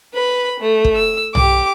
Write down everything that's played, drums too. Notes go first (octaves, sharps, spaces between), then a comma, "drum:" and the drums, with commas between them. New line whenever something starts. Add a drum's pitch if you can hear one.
B4 B5
A3
drum: kick
E6
G4 D6, drum: tom